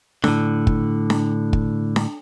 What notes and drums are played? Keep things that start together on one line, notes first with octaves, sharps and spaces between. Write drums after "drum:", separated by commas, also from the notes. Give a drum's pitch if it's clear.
A2 D3, drum: snare D4
drum: kick
drum: snare D4
drum: kick
drum: snare D4